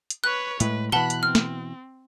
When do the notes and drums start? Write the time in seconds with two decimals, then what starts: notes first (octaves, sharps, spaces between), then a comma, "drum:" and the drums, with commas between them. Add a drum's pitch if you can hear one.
0.10 drum: hi-hat
0.24 B4 C#5 F#6
0.60 A2 G#3 B4, drum: hi-hat
0.92 B2 E3 F#5 A5 B5 F#6 G7
1.10 drum: hi-hat
1.23 C4 F6
1.35 drum: snare